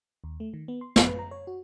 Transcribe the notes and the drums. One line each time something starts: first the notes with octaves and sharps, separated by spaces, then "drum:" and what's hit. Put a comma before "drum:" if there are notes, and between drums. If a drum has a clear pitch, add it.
D#2
A3
D#3
B3
C6
G#1, drum: snare
B4
A#5
C#5
F#4